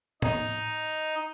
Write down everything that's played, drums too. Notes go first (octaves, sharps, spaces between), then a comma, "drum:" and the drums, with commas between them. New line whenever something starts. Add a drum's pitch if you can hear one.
D#4, drum: tom A2